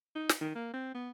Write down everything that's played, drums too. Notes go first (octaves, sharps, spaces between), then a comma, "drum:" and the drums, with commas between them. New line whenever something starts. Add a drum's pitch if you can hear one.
D#4
drum: snare
D#3
A#3
C4
B3